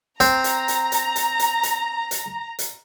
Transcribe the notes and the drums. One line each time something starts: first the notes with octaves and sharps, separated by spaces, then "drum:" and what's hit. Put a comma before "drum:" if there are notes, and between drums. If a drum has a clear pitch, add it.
C4 A#5, drum: hi-hat
drum: hi-hat
drum: hi-hat
drum: hi-hat
drum: hi-hat
drum: hi-hat
drum: hi-hat
drum: hi-hat
drum: hi-hat